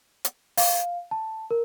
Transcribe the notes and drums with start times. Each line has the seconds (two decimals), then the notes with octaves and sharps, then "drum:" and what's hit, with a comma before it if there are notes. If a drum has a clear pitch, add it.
0.25 drum: hi-hat
0.57 F5, drum: open hi-hat
1.11 A5
1.51 A#4